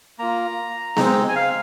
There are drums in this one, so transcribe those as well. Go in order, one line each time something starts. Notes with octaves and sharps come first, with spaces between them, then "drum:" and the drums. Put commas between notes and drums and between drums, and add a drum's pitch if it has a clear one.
A#3 F4 A#5
G#3 C4 D#4, drum: snare B3
G#5
F5